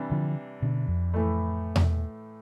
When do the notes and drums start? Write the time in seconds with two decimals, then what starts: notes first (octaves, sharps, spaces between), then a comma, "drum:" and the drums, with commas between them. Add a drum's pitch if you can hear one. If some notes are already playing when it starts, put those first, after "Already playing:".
Already playing: C3 E3 G3 D4
0.11 D3 F3
0.62 B2 D3
0.88 F2
1.14 A2 E3 A3
1.76 drum: tom E2